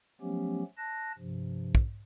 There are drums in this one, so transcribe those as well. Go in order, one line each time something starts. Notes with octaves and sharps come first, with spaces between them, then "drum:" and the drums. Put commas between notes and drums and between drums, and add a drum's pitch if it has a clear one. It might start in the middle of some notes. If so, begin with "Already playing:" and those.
F3 F#3 A3 B3 C#4 G4
A5 F#6 A#6
G2 C3 F3
drum: kick